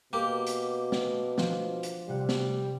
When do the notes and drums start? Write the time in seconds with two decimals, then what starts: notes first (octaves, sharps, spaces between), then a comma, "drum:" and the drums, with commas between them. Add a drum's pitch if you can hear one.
0.13 B2 A#3 G4
0.47 drum: hi-hat
0.92 drum: snare
1.38 F3 D4 F4, drum: snare
1.83 drum: hi-hat
2.09 C3 G3 F#5
2.29 drum: snare